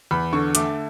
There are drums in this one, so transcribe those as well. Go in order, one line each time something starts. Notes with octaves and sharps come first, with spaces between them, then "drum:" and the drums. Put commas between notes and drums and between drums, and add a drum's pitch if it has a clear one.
E2 B5
D3 C#6
A3 D6, drum: hi-hat